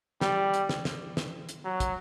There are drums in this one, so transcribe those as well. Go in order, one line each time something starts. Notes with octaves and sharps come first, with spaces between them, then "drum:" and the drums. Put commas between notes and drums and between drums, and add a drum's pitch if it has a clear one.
G3, drum: snare
drum: hi-hat
drum: snare
drum: snare
drum: snare
drum: hi-hat
F#3
drum: kick, hi-hat